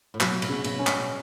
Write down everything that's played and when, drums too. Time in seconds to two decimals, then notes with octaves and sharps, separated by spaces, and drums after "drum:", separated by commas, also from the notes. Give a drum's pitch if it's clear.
0.14 A2
0.20 B2 F#3, drum: clap
0.42 B2, drum: cymbal
0.49 C#3
0.64 B2, drum: cymbal
0.79 C#4
0.87 B2, drum: clap